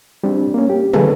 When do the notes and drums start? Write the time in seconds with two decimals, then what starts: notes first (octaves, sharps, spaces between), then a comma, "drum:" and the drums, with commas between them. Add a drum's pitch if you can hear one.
0.23 G3 C4 D4
0.54 A#3 C#4
0.70 G4
0.93 D3 G#4 A4 B4, drum: tom